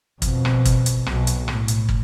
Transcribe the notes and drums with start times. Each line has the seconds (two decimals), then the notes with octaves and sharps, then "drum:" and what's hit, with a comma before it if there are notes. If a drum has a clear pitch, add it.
0.22 F2 B2, drum: kick, hi-hat
0.45 drum: rim click
0.65 drum: kick, hi-hat
0.86 drum: hi-hat
1.06 B1 B2, drum: rim click
1.27 drum: hi-hat
1.48 A2, drum: rim click
1.68 drum: hi-hat
1.89 drum: kick